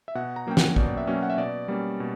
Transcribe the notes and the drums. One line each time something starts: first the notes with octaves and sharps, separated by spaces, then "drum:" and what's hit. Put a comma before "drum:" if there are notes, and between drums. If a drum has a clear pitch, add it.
E5
B2 F#5
A#5
F#3 A#3 C#4 G5
F#5, drum: snare
B2 D5, drum: kick A#1
E5
F#3 A#3 C#4
F#5
E5
B2 D5
G3 A#3 C#4
B2